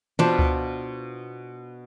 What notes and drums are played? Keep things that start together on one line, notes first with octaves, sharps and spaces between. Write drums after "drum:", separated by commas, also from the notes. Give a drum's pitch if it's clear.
B2 D4 F4 C5 F5 B5, drum: tom
drum: kick C#2